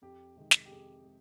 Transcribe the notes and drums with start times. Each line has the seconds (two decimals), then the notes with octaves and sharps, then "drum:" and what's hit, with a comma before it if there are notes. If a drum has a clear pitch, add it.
0.02 F2 G4
0.36 C3 D#3 G#3
0.51 drum: snare
0.66 G4
0.71 F2 G#4
1.05 G#3